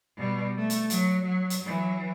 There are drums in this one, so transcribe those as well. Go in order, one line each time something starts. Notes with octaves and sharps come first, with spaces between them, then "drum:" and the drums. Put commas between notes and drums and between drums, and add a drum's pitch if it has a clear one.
B2 G3
A3
drum: hi-hat
F#3, drum: hi-hat
F#3
drum: hi-hat
E3 F#3